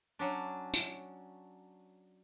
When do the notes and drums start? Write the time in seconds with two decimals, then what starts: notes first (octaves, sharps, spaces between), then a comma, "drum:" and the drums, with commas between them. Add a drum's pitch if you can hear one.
0.19 F#3 C#4 D4
0.74 drum: tambourine